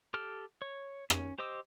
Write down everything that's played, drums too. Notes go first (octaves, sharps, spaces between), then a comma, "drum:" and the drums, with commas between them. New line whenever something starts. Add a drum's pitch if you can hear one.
G4 A4 F6
C#5
C#4, drum: rim click
G4 C5 D#5 D6 E6